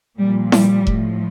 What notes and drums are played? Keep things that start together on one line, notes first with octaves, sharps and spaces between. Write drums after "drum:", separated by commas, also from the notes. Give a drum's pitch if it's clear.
A#2 F3 G3
G3, drum: snare E4
A2 F3, drum: kick E1